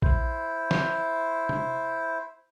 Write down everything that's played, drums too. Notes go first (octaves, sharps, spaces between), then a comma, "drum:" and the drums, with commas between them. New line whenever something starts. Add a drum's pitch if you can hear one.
E4 C5, drum: kick A#1
drum: snare
drum: tom